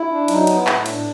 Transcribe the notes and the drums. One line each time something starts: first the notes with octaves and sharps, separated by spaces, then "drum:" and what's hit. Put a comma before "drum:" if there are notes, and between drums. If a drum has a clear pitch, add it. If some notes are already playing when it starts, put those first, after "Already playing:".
Already playing: E4
D4
F#3 D#4, drum: cymbal
B3, drum: cymbal
E4
A2, drum: clap
D4, drum: cymbal